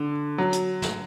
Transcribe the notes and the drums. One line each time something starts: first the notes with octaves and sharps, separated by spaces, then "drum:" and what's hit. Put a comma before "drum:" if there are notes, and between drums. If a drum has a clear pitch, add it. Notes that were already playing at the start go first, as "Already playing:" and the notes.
Already playing: D3
F#3
drum: hi-hat
drum: snare